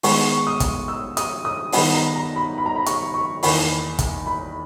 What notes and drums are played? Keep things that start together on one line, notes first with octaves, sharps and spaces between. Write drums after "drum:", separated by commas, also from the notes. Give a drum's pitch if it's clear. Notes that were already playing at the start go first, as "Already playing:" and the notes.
D#3 G#3 B3 C#6, drum: open hi-hat
D#6
drum: kick, hi-hat
E6
D#6, drum: hi-hat
D#6
D#3 G3 B3 D#4 B5, drum: open hi-hat
A#5
A#5
B5
B5
A#5
B5
C#6, drum: hi-hat
C#6
E2 D#3 A#3 B5, drum: open hi-hat
drum: kick, hi-hat
B5